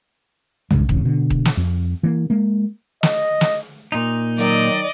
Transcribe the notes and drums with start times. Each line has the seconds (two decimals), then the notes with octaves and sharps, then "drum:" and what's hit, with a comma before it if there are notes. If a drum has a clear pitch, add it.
0.71 E1 G2 C#3 G#3, drum: tom
0.89 G#1 E2 C#3, drum: kick D#1
1.04 B2 D3
1.30 drum: kick D#1
1.45 drum: snare
1.57 F2
2.03 E3 A#3
2.30 G#3 A#3
3.03 D#5, drum: snare
3.41 drum: snare
3.92 A#2 D#4
4.38 D#3 F#3 D5 D#5, drum: hi-hat